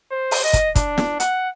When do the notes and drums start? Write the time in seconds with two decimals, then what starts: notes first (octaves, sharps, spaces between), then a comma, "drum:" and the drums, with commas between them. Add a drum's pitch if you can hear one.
0.11 C5
0.31 drum: open hi-hat
0.44 D#5
0.53 drum: kick, hi-hat
0.75 D4, drum: kick, hi-hat
0.98 drum: snare
1.20 F#5, drum: hi-hat